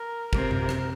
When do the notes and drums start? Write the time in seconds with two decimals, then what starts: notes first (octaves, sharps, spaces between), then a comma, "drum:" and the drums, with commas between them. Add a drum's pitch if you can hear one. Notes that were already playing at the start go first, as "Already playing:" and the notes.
Already playing: A#4
0.33 C3 A#4, drum: kick
0.51 drum: tom F#2
0.69 drum: rim click